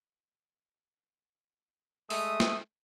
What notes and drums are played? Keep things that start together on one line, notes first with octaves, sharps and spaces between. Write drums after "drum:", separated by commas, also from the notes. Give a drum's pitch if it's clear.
G#3 A3 E5 D#6, drum: open hi-hat
drum: snare